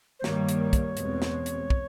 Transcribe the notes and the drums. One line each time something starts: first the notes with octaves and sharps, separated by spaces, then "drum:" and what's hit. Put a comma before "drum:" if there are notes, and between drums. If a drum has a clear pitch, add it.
C5
G2 D#3 G3 A#3 C#5, drum: snare
drum: hi-hat
drum: kick, hi-hat
E2 B2 G#3 C4, drum: hi-hat
drum: snare
drum: hi-hat
drum: kick